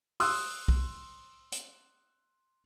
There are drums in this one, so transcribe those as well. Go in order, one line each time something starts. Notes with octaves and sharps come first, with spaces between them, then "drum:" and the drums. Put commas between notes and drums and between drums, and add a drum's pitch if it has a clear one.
C6 D#6 E6 F#6, drum: open hi-hat
drum: kick
drum: hi-hat